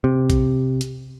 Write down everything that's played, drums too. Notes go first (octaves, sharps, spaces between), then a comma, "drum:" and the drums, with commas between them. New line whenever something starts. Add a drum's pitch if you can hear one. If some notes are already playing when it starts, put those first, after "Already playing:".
C3
drum: kick A#1, hi-hat
drum: hi-hat